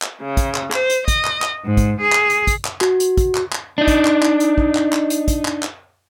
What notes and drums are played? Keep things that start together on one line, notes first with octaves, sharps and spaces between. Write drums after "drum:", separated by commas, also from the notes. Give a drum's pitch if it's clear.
drum: clap
C#3
drum: kick, hi-hat
drum: clap
C5, drum: clap
drum: hi-hat
D#5, drum: kick, hi-hat
drum: clap
drum: clap
G#2
drum: kick, hi-hat
G#4
drum: clap
drum: hi-hat
drum: kick, hi-hat
drum: clap
F#4, drum: clap
drum: hi-hat
drum: kick, hi-hat
drum: clap
drum: clap
D4 D#4
drum: kick, hi-hat
drum: clap
drum: clap
drum: hi-hat
drum: kick
drum: clap
drum: clap
drum: hi-hat
drum: kick, hi-hat
drum: clap
drum: clap